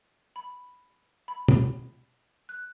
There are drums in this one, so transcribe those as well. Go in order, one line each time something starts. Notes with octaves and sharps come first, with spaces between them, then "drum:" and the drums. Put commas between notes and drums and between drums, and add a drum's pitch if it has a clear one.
B5
B5
drum: tom
F#6